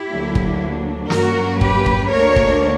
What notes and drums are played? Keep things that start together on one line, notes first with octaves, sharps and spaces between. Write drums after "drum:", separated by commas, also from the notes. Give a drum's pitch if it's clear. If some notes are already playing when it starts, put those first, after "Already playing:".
Already playing: E4 G4
D2 D3 F#3 A#3 D4
drum: kick
G2 F#3 A#3 C#4 F#4 A#4, drum: snare
G4 B4, drum: kick
drum: kick
D2 D3 A#3 D4 A#4 C#5
drum: kick